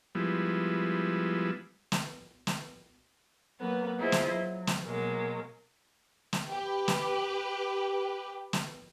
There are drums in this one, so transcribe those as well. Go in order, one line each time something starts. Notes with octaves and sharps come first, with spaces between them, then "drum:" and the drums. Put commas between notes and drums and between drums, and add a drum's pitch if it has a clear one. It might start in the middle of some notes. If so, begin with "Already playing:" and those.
F3 G3 G#3 B3 E4
drum: snare
drum: snare
F#3 A#3 B3 B4
B3 E4 F4 G#4 C5 D#5
drum: snare
F#3
drum: snare
B2 F#3 G#3 A#3
drum: snare
G4 B4
drum: snare
drum: snare